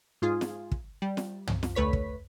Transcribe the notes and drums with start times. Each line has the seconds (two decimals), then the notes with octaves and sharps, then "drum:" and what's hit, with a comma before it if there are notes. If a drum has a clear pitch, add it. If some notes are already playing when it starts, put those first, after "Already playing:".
0.22 G#2 F4 G#4
0.41 drum: snare
0.72 drum: kick
1.02 G3
1.17 drum: snare
1.47 drum: tom
1.63 drum: snare
1.75 D2 A3 B4 C#5 B6
1.93 drum: kick